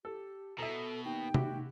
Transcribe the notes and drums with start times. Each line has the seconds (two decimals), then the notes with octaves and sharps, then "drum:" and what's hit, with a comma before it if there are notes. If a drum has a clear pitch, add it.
0.05 G4 A4
0.58 B2 A4 E5 A#5
1.05 D#2 G5
1.34 E4 F#4 G4, drum: tom